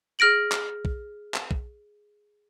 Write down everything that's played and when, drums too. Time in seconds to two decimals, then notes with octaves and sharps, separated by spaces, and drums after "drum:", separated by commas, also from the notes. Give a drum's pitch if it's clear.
0.19 G#4 F6 A#6 D7 F#7
0.52 drum: clap
0.85 drum: kick
1.34 drum: clap
1.51 drum: kick